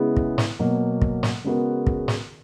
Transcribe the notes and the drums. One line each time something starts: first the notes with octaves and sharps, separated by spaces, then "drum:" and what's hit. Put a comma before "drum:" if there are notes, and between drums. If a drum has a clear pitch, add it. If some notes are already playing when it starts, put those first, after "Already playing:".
Already playing: C#3 G#3 B3 E4
drum: kick
drum: snare
B2 F#3 A#3
drum: kick
drum: snare
C#3 G#3 B3 F#4 A#4
drum: kick
drum: snare